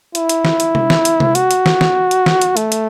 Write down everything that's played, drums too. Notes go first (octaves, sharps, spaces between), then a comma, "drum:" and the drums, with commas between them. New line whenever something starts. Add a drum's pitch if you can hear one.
E4, drum: hi-hat
drum: hi-hat
drum: snare
drum: hi-hat
drum: tom C3
drum: snare
drum: hi-hat
drum: tom C3
F#4, drum: hi-hat
drum: hi-hat
drum: snare
drum: snare
drum: hi-hat
drum: snare
drum: hi-hat
A3, drum: hi-hat
drum: hi-hat